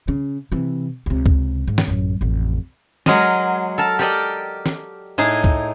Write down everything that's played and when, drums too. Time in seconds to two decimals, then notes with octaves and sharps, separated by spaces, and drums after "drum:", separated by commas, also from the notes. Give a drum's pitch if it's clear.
0.08 C#3
0.52 C3 E3
1.06 C#2 C3
1.26 drum: kick
1.67 G#2
1.78 drum: snare
1.88 A1 F#2
2.21 A1 F2
3.06 F#3 G#3 A#4 D#5, drum: snare
3.78 A4 A#4 A5
3.99 G4 A4 A#4 D5 D#5 G5
4.66 drum: snare
5.18 A2 D#4 G#4
5.44 drum: kick